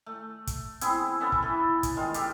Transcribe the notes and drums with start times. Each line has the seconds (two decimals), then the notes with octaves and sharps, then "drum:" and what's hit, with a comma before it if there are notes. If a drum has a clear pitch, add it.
0.06 A3
0.47 drum: kick, hi-hat
0.81 B3 C4 E4 G#4, drum: hi-hat
1.20 B3 C#4 A4 E5
1.32 drum: kick
1.42 E3 A4
1.83 drum: kick, hi-hat
1.96 D#3 G#3 F4
2.14 G4 A4, drum: hi-hat